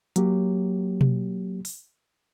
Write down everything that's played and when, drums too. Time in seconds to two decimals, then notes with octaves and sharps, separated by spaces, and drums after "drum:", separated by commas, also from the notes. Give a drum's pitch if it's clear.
0.16 F#3 A#3 G4, drum: hi-hat
1.01 drum: tom B2
1.65 drum: open hi-hat